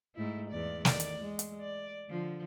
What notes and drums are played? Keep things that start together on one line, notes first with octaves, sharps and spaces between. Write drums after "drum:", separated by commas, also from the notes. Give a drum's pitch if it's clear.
G#2 A3 E4
E2 D5
D#3 D5, drum: snare
drum: hi-hat
G#3
drum: hi-hat
D5
D3 F3